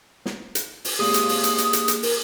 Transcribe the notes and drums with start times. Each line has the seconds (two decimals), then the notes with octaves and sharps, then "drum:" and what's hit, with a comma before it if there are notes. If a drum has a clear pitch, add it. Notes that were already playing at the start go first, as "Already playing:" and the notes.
0.26 drum: snare
0.55 drum: hi-hat
0.85 drum: open hi-hat
0.99 A#3 G4 G#4 D#6
1.14 drum: hi-hat
1.29 drum: open hi-hat
1.44 drum: hi-hat
1.58 drum: hi-hat
1.73 drum: hi-hat
1.88 drum: hi-hat
2.03 A#4, drum: open hi-hat